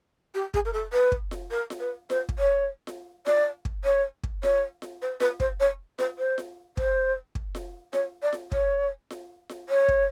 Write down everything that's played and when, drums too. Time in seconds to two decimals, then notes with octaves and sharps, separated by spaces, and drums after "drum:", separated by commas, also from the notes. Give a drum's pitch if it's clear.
0.34 G4
0.54 G#4, drum: kick
0.65 A#4
0.73 A4
0.92 B4
1.12 drum: kick
1.31 drum: snare F4
1.51 A#4
1.70 drum: snare F4
1.80 B4
2.10 C5, drum: snare F4
2.29 drum: kick
2.38 C#5
2.87 drum: snare F4
3.26 D5, drum: snare F4
3.65 drum: kick
3.84 C#5
4.23 drum: kick
4.43 C#5, drum: snare F4
4.82 drum: snare F4
5.02 C5
5.20 B4, drum: snare F4
5.40 C5, drum: kick
5.60 C#5
5.99 C5, drum: snare F4
6.18 C5
6.38 drum: snare F4
6.77 C5, drum: kick
7.35 drum: kick
7.55 drum: snare F4
7.93 C#5, drum: snare F4
8.22 D5
8.33 drum: snare F4
8.52 C#5, drum: kick
9.10 drum: snare F4
9.49 drum: snare F4
9.69 C#5
9.88 drum: kick